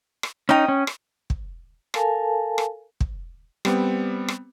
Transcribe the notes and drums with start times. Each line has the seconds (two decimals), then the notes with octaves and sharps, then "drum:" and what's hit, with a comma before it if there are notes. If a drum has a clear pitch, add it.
0.23 drum: rim click
0.49 C#4 D#4 G5 D#6
0.68 C#4
0.87 drum: rim click
1.30 drum: kick
1.94 A4 A#4 F5 G#5 A5, drum: rim click
2.58 drum: rim click
3.00 drum: kick
3.65 G3 B3 C4, drum: rim click
4.28 drum: rim click